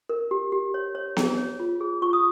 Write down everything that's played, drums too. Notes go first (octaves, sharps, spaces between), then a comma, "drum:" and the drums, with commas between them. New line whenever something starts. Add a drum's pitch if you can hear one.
A#4
G4
G4
C#5
C#5
G#4, drum: snare B3
C#5
F4
G#4
F4 C#6
D#6